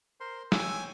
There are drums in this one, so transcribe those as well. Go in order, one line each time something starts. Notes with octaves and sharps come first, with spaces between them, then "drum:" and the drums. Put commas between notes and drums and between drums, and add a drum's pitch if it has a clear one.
A#4 C5 C6
C#5 G5 G#5 E6, drum: snare